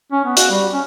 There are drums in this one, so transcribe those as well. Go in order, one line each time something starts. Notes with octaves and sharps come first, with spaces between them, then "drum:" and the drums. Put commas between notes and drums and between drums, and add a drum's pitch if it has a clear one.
C#4
B3
F#4, drum: hi-hat
G3
C#4